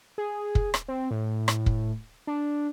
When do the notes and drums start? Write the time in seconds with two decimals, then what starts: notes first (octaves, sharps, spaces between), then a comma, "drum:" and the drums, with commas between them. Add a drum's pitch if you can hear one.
0.18 G#4
0.55 drum: kick
0.74 drum: rim click
0.88 C4
1.11 A2
1.48 drum: rim click
1.66 drum: kick
2.27 D4